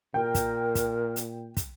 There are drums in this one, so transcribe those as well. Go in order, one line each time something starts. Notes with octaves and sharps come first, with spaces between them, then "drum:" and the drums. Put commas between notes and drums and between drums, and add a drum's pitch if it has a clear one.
A#2 A#4 G5
drum: kick, hi-hat
drum: kick, hi-hat
drum: hi-hat
drum: kick, hi-hat